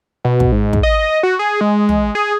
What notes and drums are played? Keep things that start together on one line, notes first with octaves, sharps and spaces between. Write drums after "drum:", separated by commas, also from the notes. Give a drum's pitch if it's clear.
B2
drum: kick
G#2
drum: kick
D#5
F#4
G#4
G#3
drum: tom
G#4